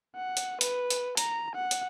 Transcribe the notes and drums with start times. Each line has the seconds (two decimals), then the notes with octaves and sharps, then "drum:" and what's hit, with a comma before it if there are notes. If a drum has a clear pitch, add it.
0.16 F#5
0.37 drum: hi-hat
0.61 B4, drum: hi-hat
0.90 drum: hi-hat
1.17 A#5, drum: hi-hat
1.55 F#5
1.71 drum: hi-hat